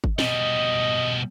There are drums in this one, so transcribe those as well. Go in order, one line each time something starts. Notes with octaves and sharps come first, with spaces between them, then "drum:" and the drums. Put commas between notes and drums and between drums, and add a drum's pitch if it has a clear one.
drum: kick G1
B2 G3 D#5, drum: snare